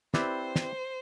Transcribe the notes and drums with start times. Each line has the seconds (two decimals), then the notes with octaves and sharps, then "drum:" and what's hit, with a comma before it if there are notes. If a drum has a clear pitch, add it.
0.14 C4 E4 G4 B4 C5 D5, drum: snare
0.56 drum: snare